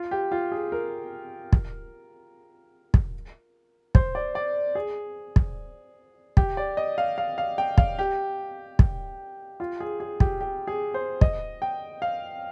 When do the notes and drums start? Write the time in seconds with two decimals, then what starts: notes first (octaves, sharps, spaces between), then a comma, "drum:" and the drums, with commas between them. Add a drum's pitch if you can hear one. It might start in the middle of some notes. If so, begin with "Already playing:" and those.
Already playing: F4
0.11 G4
0.32 F4
0.52 G#4
0.72 A#4
1.53 drum: kick
2.94 drum: kick
3.95 C5, drum: kick
4.15 D5
4.35 D5
4.75 G#4
5.36 drum: kick
6.37 G4, drum: kick
6.57 D5
6.77 D#5
6.98 F5
7.18 F5
7.38 F5
7.58 G5
7.78 F5, drum: kick
7.99 G4
8.79 drum: kick
9.60 F4
9.80 G#4
10.00 G#4
10.20 G4, drum: kick
10.41 G4
10.67 G#4
10.94 C5
11.21 D#5, drum: kick
11.62 G5
12.02 F5